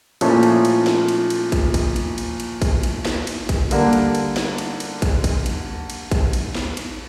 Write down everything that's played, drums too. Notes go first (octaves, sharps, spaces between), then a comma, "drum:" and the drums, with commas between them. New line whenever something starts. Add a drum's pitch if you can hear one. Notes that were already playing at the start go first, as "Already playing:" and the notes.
A#2 F3 A3 C#4 E4, drum: cymbal
drum: cymbal
drum: cymbal
drum: snare
drum: cymbal
drum: cymbal
drum: kick, cymbal
drum: kick, cymbal
drum: cymbal
drum: cymbal
drum: cymbal
drum: kick, cymbal
drum: cymbal
drum: snare
drum: cymbal
drum: kick, cymbal
D3 G3 A#3 D4, drum: cymbal
drum: cymbal
drum: cymbal
drum: snare
drum: cymbal
drum: cymbal
drum: kick, cymbal
drum: kick, cymbal
drum: cymbal
drum: cymbal
drum: kick, cymbal
drum: cymbal
drum: snare
drum: cymbal